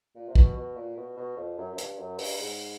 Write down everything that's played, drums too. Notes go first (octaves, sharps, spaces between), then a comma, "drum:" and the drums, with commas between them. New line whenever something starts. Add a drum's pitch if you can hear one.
A#2
C3
B2, drum: kick
B2
A#2
B2
B2
F2
F#2
F#2
G2, drum: hi-hat
F#2
G2, drum: open hi-hat
G#2